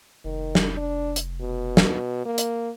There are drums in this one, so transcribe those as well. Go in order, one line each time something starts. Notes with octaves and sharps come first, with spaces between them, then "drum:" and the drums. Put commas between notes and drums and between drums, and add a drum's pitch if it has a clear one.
F1 D#3
drum: snare
D4
drum: hi-hat
B2
drum: snare
A#3
drum: hi-hat